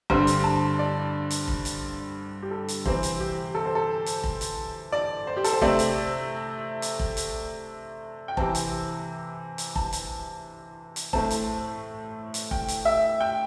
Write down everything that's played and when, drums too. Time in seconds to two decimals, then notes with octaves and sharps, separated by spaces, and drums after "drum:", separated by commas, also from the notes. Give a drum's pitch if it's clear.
0.10 G2 D3 C4 C6, drum: kick F1
0.27 drum: hi-hat
0.44 A5
0.79 D5
1.31 drum: hi-hat
1.48 drum: kick F1
1.65 drum: hi-hat
2.42 G4
2.51 A4
2.68 drum: hi-hat
2.86 C3 E3 C4 C5, drum: kick F1
3.03 drum: hi-hat
3.20 G4
3.55 A4
3.65 C5
3.75 A4
4.06 drum: hi-hat
4.24 drum: kick F1
4.41 drum: hi-hat
4.92 D5
5.27 C5
5.37 G4
5.44 A4, drum: hi-hat
5.53 C5
5.61 C3 A3 C4 D5, drum: kick F1
5.79 drum: hi-hat
6.82 drum: hi-hat
6.99 drum: kick F1
7.17 drum: hi-hat
8.28 G5
8.37 C3 E3 C4 A5, drum: kick F1
8.55 drum: hi-hat
9.58 drum: hi-hat
9.76 A5, drum: kick F1
9.93 drum: hi-hat
10.96 drum: hi-hat
11.13 A2 A3 C4 A5, drum: kick F1
11.30 drum: hi-hat
12.34 drum: hi-hat
12.51 G5, drum: kick F1
12.68 drum: hi-hat
12.85 E5
13.20 G5